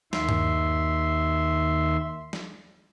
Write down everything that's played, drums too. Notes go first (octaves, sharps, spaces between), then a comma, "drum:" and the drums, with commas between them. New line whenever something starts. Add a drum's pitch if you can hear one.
D#2 D#3 E5 C6, drum: snare
drum: tom G2
drum: snare